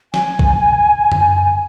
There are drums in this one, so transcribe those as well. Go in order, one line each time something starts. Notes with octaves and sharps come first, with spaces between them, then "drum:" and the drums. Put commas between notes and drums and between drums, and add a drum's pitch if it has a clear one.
G#5, drum: snare
drum: kick B1
drum: tom F#2